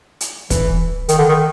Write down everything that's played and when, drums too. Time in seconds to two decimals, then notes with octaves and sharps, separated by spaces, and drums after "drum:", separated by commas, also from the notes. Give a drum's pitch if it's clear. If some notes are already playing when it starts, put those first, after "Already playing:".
0.21 drum: hi-hat
0.50 E3, drum: kick, hi-hat
1.09 D#3, drum: hi-hat
1.18 D3
1.28 D#3